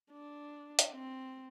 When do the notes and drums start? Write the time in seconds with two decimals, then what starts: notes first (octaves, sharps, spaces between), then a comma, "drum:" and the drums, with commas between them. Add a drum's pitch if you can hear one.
0.12 D4
0.79 drum: hi-hat
0.92 C4